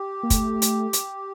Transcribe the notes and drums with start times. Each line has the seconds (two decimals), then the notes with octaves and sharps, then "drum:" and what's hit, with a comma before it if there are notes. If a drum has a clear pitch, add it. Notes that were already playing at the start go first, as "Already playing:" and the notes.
Already playing: G4
0.23 A#3
0.30 A3, drum: kick, hi-hat
0.62 drum: hi-hat
0.93 drum: hi-hat